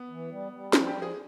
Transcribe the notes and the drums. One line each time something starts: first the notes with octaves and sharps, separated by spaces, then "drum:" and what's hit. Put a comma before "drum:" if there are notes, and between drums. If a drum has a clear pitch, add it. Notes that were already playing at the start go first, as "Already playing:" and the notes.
Already playing: B3
E3
G3
G3
F3 F4, drum: snare
G4
F3
G#4